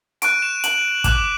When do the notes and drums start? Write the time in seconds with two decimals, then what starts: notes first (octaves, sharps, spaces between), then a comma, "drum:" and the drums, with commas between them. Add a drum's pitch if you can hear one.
0.22 C#6 F#6 D7, drum: hi-hat
0.42 E7
0.64 F#7, drum: hi-hat
1.04 D6 F#6, drum: kick, hi-hat